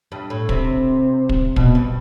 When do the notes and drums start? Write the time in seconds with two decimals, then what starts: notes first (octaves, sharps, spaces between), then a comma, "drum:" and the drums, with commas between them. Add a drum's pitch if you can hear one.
0.12 G2
0.30 A2
0.49 C3, drum: kick
1.29 drum: kick
1.56 B2, drum: kick
1.75 G2